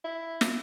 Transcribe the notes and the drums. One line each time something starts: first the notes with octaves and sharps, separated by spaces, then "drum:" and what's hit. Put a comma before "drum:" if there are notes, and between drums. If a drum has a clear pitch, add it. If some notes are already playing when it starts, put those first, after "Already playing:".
E4
drum: snare